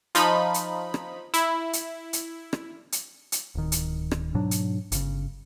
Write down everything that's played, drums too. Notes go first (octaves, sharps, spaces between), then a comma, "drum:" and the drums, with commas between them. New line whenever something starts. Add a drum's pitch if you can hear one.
F3 D#4 B5, drum: hi-hat
drum: hi-hat
drum: rim click
E4, drum: hi-hat
drum: hi-hat
drum: hi-hat
drum: rim click
drum: hi-hat
drum: hi-hat
D1 D#3
drum: hi-hat
drum: rim click
G#2 B2 F#3 D4
drum: hi-hat
G1 C#3, drum: hi-hat